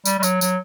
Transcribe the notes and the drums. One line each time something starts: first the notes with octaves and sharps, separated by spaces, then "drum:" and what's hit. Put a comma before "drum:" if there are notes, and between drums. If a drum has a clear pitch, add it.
G3, drum: tambourine
G3
F#3, drum: tambourine
F#3, drum: tambourine